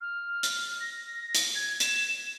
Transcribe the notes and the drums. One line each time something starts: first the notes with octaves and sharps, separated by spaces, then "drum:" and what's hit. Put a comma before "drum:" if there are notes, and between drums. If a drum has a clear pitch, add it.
F6
drum: hi-hat
A#6
drum: hi-hat
G#6
E7, drum: hi-hat